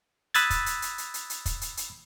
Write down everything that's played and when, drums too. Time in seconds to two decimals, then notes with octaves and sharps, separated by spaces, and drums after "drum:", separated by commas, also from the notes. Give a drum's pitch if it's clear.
0.34 B5 D#6 E6 F#6 G#6 A6, drum: hi-hat
0.50 drum: kick, hi-hat
0.66 drum: hi-hat
0.82 drum: hi-hat
0.98 drum: hi-hat
1.14 drum: hi-hat
1.30 drum: hi-hat
1.46 drum: kick, hi-hat
1.61 drum: hi-hat
1.77 drum: hi-hat